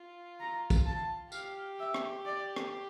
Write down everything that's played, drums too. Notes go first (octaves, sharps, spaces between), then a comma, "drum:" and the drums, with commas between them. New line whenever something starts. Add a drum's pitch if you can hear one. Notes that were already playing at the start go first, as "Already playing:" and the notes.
Already playing: F4
A#5
drum: kick, tambourine
A5
G4 F5, drum: tambourine
E5
drum: rim click
D5
drum: rim click